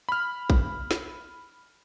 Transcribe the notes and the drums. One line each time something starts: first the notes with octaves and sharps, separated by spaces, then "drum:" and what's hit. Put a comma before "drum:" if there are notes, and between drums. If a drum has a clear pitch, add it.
B5 F6
drum: kick
drum: snare